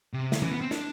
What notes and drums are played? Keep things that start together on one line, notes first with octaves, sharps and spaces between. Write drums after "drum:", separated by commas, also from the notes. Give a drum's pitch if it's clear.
C3
D3, drum: snare
E3, drum: tom E3
B3
C4
D4, drum: snare